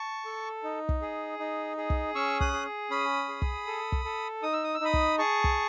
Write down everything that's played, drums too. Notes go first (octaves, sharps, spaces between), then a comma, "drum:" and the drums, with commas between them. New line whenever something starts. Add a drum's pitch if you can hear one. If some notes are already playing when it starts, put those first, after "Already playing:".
Already playing: A5 C#6
A4
D#4
drum: kick
G#4
D#4
G#4
drum: kick
C#4 C#6 E6
D#6 F#6, drum: kick
G#4
C#4 B5 D#6
G#4
drum: kick
A4
drum: kick
A4
D#4 D#6
E6
D#6
E6
D#4 B5 D#6
drum: kick
G#4 A5 C#6
drum: kick